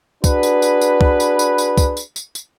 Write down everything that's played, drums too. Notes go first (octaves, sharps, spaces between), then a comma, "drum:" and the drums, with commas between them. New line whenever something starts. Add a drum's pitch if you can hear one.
D4 F#4 G#4 B4, drum: kick, tambourine
drum: tambourine
drum: tambourine
drum: tambourine
drum: kick
drum: tambourine
drum: tambourine
drum: tambourine
drum: kick, tambourine
drum: tambourine
drum: tambourine
drum: tambourine